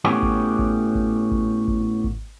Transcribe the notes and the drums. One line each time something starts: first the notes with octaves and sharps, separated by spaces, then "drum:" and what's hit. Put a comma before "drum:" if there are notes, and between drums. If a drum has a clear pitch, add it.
A2 B3 C#4 F#4 G4
drum: kick G#1
drum: kick G#1
drum: kick G#1
drum: kick G#1
drum: kick G#1
drum: kick G#1